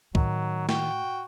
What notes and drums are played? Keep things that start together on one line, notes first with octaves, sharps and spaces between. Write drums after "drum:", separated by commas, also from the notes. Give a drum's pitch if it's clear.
A2 D#3 F#3, drum: kick
F#4 G5, drum: snare